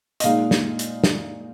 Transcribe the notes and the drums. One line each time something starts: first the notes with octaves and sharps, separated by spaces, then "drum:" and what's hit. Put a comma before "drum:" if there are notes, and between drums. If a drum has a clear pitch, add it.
D#5, drum: hi-hat
A#2 G#3 D#4 F5
drum: snare
drum: hi-hat
drum: snare